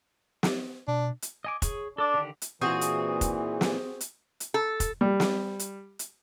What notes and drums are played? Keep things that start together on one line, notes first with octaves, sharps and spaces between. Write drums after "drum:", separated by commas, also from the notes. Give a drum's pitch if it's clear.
drum: snare
B2 D4
drum: hi-hat
D#5 G#5 D6
G#4 C#5, drum: kick F1, hi-hat
D4 A4 D6
D3 D#3 G4
drum: hi-hat
A#2 E3 C4 F#4 G#4
drum: hi-hat
drum: kick F1, hi-hat
drum: snare
drum: hi-hat
drum: hi-hat
A4
drum: kick F1, hi-hat
G3
drum: snare
drum: hi-hat
drum: hi-hat